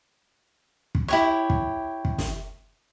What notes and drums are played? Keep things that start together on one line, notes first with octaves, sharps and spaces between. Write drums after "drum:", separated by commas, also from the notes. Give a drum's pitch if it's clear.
drum: kick
E4 G4 C#5
drum: kick
drum: kick
drum: snare